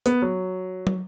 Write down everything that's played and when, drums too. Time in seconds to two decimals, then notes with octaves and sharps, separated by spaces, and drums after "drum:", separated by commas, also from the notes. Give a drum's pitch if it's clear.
0.06 B3, drum: hi-hat
0.22 F#3
0.87 drum: tom